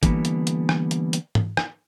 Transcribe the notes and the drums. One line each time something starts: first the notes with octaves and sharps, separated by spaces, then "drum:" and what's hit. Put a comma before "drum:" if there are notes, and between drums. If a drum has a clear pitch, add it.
D3 E3 G3 A#3 B3, drum: kick, hi-hat
drum: hi-hat
drum: hi-hat
drum: rim click
drum: hi-hat
drum: hi-hat
drum: tom G#2
drum: rim click